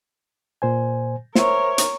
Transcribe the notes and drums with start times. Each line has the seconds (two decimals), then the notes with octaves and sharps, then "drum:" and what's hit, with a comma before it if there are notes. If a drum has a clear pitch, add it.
0.62 A#2 C5 G#5
1.35 A#4 C5 C#5 E5, drum: snare
1.78 drum: hi-hat